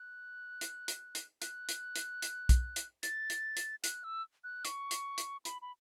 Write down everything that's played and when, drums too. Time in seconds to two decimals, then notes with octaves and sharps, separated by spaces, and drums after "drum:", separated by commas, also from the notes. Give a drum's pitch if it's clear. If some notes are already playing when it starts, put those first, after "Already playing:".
Already playing: F#6
0.61 drum: hi-hat
0.88 drum: hi-hat
1.15 drum: hi-hat
1.42 F#6, drum: hi-hat
1.69 drum: hi-hat
1.96 drum: hi-hat
2.22 drum: hi-hat
2.49 drum: kick B1, hi-hat
2.76 drum: hi-hat
3.03 A6, drum: hi-hat
3.30 drum: hi-hat
3.57 drum: hi-hat
3.84 F#6, drum: hi-hat
4.04 E6
4.44 F#6
4.65 C#6, drum: hi-hat
4.91 drum: hi-hat
5.18 drum: hi-hat
5.45 B5, drum: hi-hat
5.62 B5